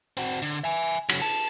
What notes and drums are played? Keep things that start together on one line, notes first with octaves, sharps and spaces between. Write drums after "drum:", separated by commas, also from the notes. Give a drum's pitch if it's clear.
C4 F#4
D3
E5 G#5
C#3 F#3, drum: cymbal
A5